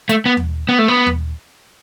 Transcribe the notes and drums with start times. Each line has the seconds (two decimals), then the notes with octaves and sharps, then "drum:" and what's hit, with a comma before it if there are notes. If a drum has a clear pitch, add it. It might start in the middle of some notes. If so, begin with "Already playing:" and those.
0.09 A3, drum: hi-hat
0.26 B3
0.37 drum: tom D#2
0.69 B3
0.79 A3
0.88 B3
1.07 drum: tom D#2